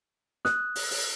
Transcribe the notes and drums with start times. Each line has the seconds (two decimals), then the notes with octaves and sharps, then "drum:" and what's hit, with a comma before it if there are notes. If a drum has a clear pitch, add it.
0.45 D#6 F#6, drum: snare
0.76 drum: open hi-hat
0.91 drum: open hi-hat